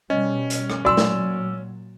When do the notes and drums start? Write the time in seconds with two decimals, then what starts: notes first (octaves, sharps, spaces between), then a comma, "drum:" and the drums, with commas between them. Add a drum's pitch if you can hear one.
0.10 B2 G3 C#4 D#5
0.50 drum: hi-hat
0.70 drum: rim click
0.85 A#2 F#3 F#4 D5 G#5 C6 E6
0.97 drum: snare